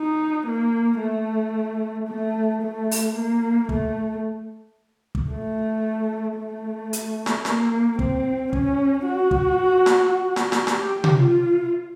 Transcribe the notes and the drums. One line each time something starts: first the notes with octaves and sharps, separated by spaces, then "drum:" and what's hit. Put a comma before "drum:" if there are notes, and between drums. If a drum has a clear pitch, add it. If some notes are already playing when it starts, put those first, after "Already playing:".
Already playing: D#4
A#3
A3
A3
A3
drum: open hi-hat
A#3
A3, drum: kick
drum: kick
A3
A3
drum: hi-hat
drum: snare
A#3, drum: snare
C4, drum: kick
C#4, drum: kick
F#4
drum: kick
drum: snare
drum: snare
drum: snare
G4, drum: snare
drum: tom C3
F4